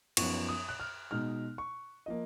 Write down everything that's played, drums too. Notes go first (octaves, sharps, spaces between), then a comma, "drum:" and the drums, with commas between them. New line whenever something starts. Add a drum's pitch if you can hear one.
F#2 F3 B3 D#4 C#6, drum: cymbal
D#6
F#6
F6
B2 G#3 D#4 F6
C#6
F3 A#3 D#5